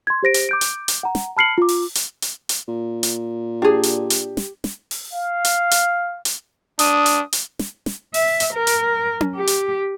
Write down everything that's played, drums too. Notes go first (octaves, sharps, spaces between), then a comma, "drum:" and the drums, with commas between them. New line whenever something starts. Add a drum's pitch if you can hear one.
C6 G#6
G4 C5 A#6 D7
drum: hi-hat
D6 G6 D7
drum: hi-hat
drum: hi-hat
F#5 A#5
drum: snare
A5 B5 F6 C7 C#7 F#7
F4 D6
drum: open hi-hat
drum: hi-hat
drum: hi-hat
drum: hi-hat
A#2
drum: hi-hat
D4 G4 G#4
drum: hi-hat
drum: hi-hat
drum: snare
drum: snare
drum: open hi-hat
F5
drum: hi-hat
drum: hi-hat
drum: hi-hat
D4 D#6, drum: hi-hat
drum: hi-hat
drum: hi-hat
drum: snare
drum: snare
E5, drum: open hi-hat
drum: hi-hat
A#4
drum: hi-hat
drum: tom C#4
G4
drum: hi-hat